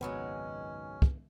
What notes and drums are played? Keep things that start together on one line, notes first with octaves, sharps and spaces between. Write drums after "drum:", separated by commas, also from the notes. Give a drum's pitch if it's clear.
G#1 C#2 F#2 D#3 F#3 G#3 B3 C#4
drum: kick